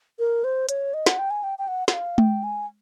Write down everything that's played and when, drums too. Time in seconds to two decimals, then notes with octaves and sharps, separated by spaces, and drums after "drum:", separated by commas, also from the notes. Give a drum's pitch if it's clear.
0.19 A#4
0.44 C5
0.69 C#5, drum: hi-hat
0.94 D#5
1.06 F#5, drum: snare
1.19 G5
1.30 G#5
1.43 G5
1.59 G5
1.68 F#5
1.88 F#5, drum: snare
1.93 F5
2.18 G5, drum: tom G#3
2.44 G#5